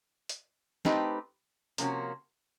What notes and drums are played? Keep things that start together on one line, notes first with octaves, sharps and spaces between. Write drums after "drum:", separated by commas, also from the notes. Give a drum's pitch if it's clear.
drum: hi-hat
A3 C4 D#4 G4 B4, drum: snare
C3 F3 A#3 C#4 F#4, drum: hi-hat